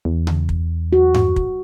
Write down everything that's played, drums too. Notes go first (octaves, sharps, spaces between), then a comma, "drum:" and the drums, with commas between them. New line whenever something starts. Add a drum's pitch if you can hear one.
E2
drum: tom C#3
drum: kick
F#4
drum: tom G2
drum: kick